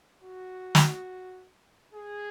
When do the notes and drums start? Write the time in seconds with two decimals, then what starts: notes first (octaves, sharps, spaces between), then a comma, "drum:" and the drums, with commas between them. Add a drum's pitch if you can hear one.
0.22 F#4
0.75 drum: snare
1.94 G#4